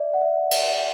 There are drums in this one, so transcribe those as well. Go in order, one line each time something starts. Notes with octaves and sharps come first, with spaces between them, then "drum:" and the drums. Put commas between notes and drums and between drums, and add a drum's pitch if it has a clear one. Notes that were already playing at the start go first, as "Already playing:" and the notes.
Already playing: D5 E5
F#5
E5
drum: cymbal